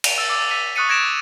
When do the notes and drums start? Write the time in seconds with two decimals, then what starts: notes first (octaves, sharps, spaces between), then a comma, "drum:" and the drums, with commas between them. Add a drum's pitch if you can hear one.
0.04 D#7 F7, drum: cymbal
0.18 E6 A6
0.30 D6 E6 A6
0.50 E6 B6 D#7
0.76 C#6 D#6 F#6 A6 C#7 D#7
0.89 G#6 A#6 D7 E7